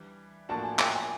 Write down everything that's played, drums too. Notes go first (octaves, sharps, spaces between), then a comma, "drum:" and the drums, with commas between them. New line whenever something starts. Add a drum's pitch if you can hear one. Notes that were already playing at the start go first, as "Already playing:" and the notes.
Already playing: E3 G3 D4
A2 F3 A#3 D4 F#4 A5
G#5
G5, drum: clap
G#5